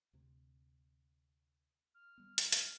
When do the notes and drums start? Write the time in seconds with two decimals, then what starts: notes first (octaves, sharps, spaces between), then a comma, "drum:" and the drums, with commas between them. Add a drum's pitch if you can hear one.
0.13 D2 C3
1.94 F6
2.18 G3 B3
2.38 drum: hi-hat
2.52 drum: hi-hat